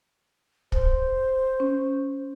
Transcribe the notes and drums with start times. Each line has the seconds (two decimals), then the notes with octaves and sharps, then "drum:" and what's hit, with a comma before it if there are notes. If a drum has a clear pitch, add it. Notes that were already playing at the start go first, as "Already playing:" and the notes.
0.72 C5, drum: kick
1.60 C#4